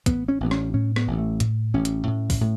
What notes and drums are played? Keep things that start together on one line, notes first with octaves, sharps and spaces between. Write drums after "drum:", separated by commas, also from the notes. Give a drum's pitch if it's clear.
A1 B3, drum: kick, hi-hat
C#4
A1 B3
C#4, drum: rim click
A2 C#4
B3, drum: rim click
A1
A3
A2, drum: hi-hat
A1 C#4
drum: hi-hat
A2
drum: kick, open hi-hat
A2